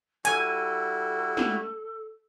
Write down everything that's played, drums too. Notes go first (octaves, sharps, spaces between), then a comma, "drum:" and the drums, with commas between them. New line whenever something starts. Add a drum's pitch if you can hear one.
G3 E4 F#4 A4 G#5, drum: hi-hat
drum: snare